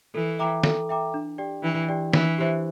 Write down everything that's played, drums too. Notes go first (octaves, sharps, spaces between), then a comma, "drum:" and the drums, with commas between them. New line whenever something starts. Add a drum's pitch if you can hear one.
E3 A4
E5 G5 A#5 D6
A4, drum: snare
E5 G5 A#5 D6
D4
G4 D5 G5
E3 D4
G4 D5 G5
E3 D4, drum: snare
G4 C5 E5